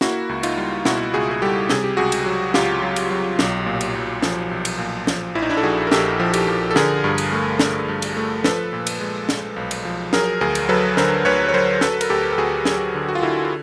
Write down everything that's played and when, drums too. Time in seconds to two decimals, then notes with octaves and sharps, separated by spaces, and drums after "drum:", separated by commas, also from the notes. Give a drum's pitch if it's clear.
0.01 A#3 E4 F#4, drum: snare
0.29 C#2
0.43 D#4 F4, drum: cymbal
0.57 G3
0.85 B2 E4 F#4, drum: snare
1.14 C#2 F#4 G#4
1.31 G#4
1.42 G3 G4 A4
1.69 C3 G#4, drum: snare
1.84 G4
1.97 C#2 F#4 G#4
2.12 drum: cymbal
2.26 F#3
2.54 C#2 F4 G4, drum: snare
2.82 F#3
2.96 drum: cymbal
3.11 F#3
3.39 B1, drum: snare
3.66 A#2
3.81 drum: cymbal
3.95 B1
4.23 F3, drum: snare
4.51 B1
4.65 drum: cymbal
4.78 A#2
5.07 F3, drum: snare
5.35 A#1 E4
5.42 D#4
5.50 D4 E4
5.57 A4
5.63 A#1 F#4 G#4
5.87 A#4
5.92 A#1 G4 A4, drum: snare
6.20 F3
6.33 G4 A4, drum: cymbal
6.48 F3
6.71 A4
6.76 D3 G#4 A#4, drum: snare
7.04 G2
7.18 drum: cymbal
7.32 A3
7.60 D3, drum: snare
7.88 G2
8.02 drum: cymbal
8.17 A3
8.44 F3 A4 B4, drum: snare
8.73 A#2
8.87 drum: cymbal
9.00 G#3
9.29 G#3, drum: snare
9.56 B1
9.71 drum: cymbal
9.85 F3
10.13 F#3 G#4 A#4, drum: snare
10.41 D2 G#4 A#4
10.55 drum: cymbal
10.69 F#3 A4 B4
10.97 D3 A#4 C5, drum: snare
11.25 D2 B4 C#5
11.48 C#5
11.54 F#3 A#4 C5
11.81 F#3 A4 B4, drum: snare
12.01 A#4, drum: cymbal
12.10 D2 G4 A4
12.32 A4
12.38 D2 F#4 G#4
12.65 F#3 G#4 A#4, drum: snare
12.95 D3
13.09 F#4
13.15 F4
13.22 D3 E4 F#4
13.45 F4